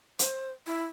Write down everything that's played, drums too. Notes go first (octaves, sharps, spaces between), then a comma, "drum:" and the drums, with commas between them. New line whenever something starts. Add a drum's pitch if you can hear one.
C5, drum: hi-hat
E4